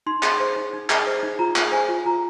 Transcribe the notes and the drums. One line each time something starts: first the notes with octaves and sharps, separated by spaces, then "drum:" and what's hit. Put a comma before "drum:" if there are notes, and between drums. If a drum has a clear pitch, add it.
D#4 C6
G#4, drum: clap
C5
D#4
D#4
G#4, drum: clap
C5
D#4
F4 A#5
G#4, drum: clap
C5 G#5
F4
F4 A#5